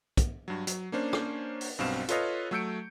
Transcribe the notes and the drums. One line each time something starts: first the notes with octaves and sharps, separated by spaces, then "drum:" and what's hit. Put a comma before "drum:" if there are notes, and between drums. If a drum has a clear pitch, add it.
drum: kick, hi-hat
G2 F#3
F#3, drum: hi-hat
A#3 C#4 D4 C5
drum: rim click
drum: open hi-hat
B1 G2 B2 C4 F5 E7
F4 A4 B4 C#5 D#5 F5, drum: hi-hat
F#3 A3 E6 G6 C#7 D7